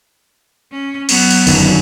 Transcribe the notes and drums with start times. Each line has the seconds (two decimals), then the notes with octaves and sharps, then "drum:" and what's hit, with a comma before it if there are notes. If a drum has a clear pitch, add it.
0.71 C#4
1.09 F#3 B3, drum: cymbal
1.31 drum: cymbal
1.47 G1 F#2 D#3, drum: cymbal